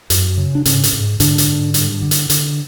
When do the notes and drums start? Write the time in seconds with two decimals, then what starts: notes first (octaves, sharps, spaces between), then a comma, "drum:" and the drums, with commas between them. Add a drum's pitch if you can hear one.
0.10 F#2, drum: hi-hat
0.37 C#3
0.55 D4
0.65 G#2 C#3 C#4, drum: hi-hat
0.83 drum: hi-hat
0.93 G#2
1.20 G#2 D3 D4, drum: hi-hat
1.38 drum: hi-hat
1.48 G#2
1.74 G2, drum: hi-hat
2.02 D3
2.11 drum: hi-hat
2.30 D3, drum: hi-hat